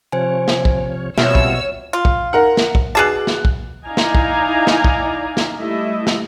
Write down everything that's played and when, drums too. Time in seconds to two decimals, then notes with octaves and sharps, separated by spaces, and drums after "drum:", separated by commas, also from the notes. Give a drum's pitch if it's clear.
0.12 C3 F3 C5 C#5 G#5
0.48 drum: snare
0.65 drum: kick
1.18 B2 G3 C4 F4 C#5 E5 E6 F6, drum: snare
1.35 drum: kick
1.93 F4
2.05 drum: kick
2.33 A#4 F#5
2.57 drum: snare
2.75 drum: kick
2.95 B2 G#4 A5 D6 F#6
3.27 drum: snare
3.45 drum: kick
3.86 D#4 E4 D5 F5 G#5 A#5
3.97 drum: snare
4.15 drum: kick
4.67 drum: snare
4.84 drum: kick
5.37 drum: snare
5.58 G3 A3 E4 A4 D#5 E5
6.07 drum: snare